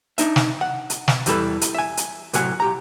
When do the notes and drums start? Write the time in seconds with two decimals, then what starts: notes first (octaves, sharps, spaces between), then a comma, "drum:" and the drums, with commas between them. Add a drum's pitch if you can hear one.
0.18 D4 D#4 E5, drum: hi-hat
0.36 drum: snare
0.61 F#5
0.90 drum: hi-hat
1.08 drum: snare
1.26 E2 E3 G3 E4 A4 B4, drum: hi-hat
1.61 drum: hi-hat
1.74 E5 G#5
1.97 drum: hi-hat
2.33 A2 C3 F#3 A3 F#4 G#5, drum: hi-hat
2.60 B1 G4 A#5